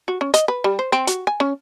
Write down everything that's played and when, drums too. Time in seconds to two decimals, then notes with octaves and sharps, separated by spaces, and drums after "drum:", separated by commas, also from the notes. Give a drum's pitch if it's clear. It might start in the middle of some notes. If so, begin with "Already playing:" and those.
0.08 F#4
0.21 C#4
0.34 D#5, drum: hi-hat
0.48 B4
0.64 G3
0.79 C5
0.92 C4
1.07 F#4, drum: hi-hat
1.27 G#5
1.40 C#4